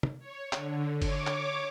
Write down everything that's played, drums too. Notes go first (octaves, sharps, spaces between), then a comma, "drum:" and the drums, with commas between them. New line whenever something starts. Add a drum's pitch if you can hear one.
drum: tom
C#5
D3, drum: clap
C#5 D6, drum: kick G1, cymbal
drum: clap